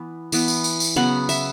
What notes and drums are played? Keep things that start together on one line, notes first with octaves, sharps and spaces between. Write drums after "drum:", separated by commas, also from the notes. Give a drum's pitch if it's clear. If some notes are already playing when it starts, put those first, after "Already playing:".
Already playing: E3 B3
E3 B3, drum: tambourine
drum: tambourine
drum: tambourine
drum: tambourine
C#3 F#3 B3 F#5
E5, drum: tambourine